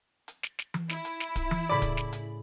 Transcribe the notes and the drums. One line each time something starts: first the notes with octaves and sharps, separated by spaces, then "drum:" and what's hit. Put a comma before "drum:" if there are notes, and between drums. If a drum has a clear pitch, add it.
drum: hi-hat
drum: snare
drum: snare
drum: tom E3
E4, drum: snare
drum: hi-hat
drum: snare
drum: kick D1, hi-hat
drum: tom E3
A2 C#3 D5 B5 D6
drum: kick D1, hi-hat
drum: snare
drum: hi-hat